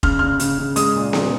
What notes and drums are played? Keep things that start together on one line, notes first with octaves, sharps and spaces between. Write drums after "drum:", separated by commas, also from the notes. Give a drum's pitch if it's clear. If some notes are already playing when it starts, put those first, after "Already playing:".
C#3 F6, drum: kick F1
C#3 F6
C#3, drum: hi-hat
C#3
G#3 D#6, drum: hi-hat
A#2
A#2, drum: snare B3